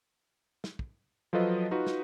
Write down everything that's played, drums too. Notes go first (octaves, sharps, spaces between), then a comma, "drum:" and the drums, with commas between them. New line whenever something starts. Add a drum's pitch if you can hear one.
drum: snare
drum: kick
F3 F#3 F4 A4 B4 D#5
D#4 F4 F#4 B4
drum: snare